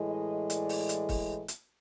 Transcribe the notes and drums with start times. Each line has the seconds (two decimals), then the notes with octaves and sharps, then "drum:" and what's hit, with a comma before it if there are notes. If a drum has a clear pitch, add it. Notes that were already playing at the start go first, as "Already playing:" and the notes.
Already playing: A2 E3 G#3
0.10 D#5
0.50 D5, drum: hi-hat
0.69 drum: open hi-hat
0.89 drum: hi-hat
1.09 drum: kick, open hi-hat
1.48 drum: hi-hat